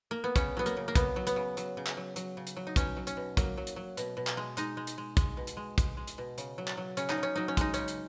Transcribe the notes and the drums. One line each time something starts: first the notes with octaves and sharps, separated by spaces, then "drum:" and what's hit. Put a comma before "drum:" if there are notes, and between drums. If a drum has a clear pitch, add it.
A#3
B3
C#3 C#4, drum: kick, hi-hat
F#3 B3
A#3, drum: hi-hat
C#3
A#3
C#3 B3, drum: kick, hi-hat
F#3
B3, drum: hi-hat
C#3
F#3, drum: hi-hat
C#3
drum: clap
F#3
F#3, drum: hi-hat
C#3
drum: hi-hat
F#3
D#4
B2 C#4, drum: kick, hi-hat
F#3
C#4, drum: hi-hat
B2
F#3 A#3, drum: kick, hi-hat
F#3
drum: hi-hat
F#3
B2, drum: hi-hat
B2
drum: clap
G#3
G#3 D#4, drum: hi-hat
G#3
drum: hi-hat
G#3
G#3, drum: kick, hi-hat
B2
drum: hi-hat
G#3
G#3, drum: kick, hi-hat
G#3
drum: hi-hat
B2
C#3, drum: hi-hat
F#3
drum: clap
F#3
C#3 C#4, drum: hi-hat
D#4, drum: clap
C#3
C#4
F#3 D#4
C#4
G#3 D#4, drum: kick, hi-hat
C#3 C#4, drum: hi-hat
drum: hi-hat